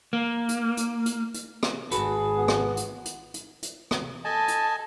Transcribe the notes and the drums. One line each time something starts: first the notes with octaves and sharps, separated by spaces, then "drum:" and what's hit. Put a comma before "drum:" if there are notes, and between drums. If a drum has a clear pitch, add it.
A#3
drum: hi-hat
drum: hi-hat
drum: hi-hat
drum: hi-hat
drum: rim click
G#1 F#4 G#4 A4 B4, drum: hi-hat
B3
drum: rim click
drum: hi-hat
drum: hi-hat
drum: hi-hat
drum: hi-hat
drum: rim click
A4 D#5 G#5 A5
drum: hi-hat